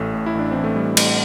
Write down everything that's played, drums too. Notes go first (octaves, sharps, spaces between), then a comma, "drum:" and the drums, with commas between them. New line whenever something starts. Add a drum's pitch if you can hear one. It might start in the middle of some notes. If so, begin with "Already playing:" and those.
Already playing: A1 A3
A2
E4
A1 D4
E3 C4
A3
A1 G3
A2 G3, drum: cymbal